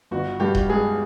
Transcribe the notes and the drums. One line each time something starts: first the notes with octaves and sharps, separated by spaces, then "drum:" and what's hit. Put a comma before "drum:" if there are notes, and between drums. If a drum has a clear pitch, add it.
G1 F#4
G2 G4
drum: kick D#1
G#3 G#4